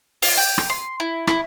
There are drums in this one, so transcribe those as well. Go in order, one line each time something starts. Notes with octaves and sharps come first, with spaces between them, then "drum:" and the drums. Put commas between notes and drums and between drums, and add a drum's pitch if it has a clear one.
F4, drum: open hi-hat
G5
drum: rim click
C6
E4
E4, drum: rim click